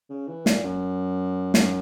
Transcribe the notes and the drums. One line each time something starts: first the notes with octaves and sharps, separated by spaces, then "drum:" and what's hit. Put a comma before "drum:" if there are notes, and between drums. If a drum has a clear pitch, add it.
C#3
E3
A#2, drum: snare
F#2
F#2, drum: snare